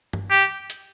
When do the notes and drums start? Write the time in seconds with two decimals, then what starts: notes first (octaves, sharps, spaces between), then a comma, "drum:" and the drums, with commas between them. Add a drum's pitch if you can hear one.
0.13 drum: tom G2
0.30 G4
0.70 drum: hi-hat